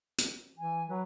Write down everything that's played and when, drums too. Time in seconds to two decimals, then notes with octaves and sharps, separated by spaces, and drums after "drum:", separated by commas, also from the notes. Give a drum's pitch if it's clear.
0.18 drum: hi-hat
0.58 E3 G#5
0.88 F#3 B4